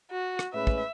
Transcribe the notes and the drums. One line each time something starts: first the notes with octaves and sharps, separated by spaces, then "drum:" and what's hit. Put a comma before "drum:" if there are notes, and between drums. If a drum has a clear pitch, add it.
F#4
drum: rim click
A2 G#3 C#4 G#4 B4 E5
drum: kick